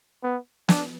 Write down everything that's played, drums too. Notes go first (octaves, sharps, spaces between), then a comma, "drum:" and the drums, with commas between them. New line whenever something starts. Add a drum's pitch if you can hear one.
B3
D4, drum: snare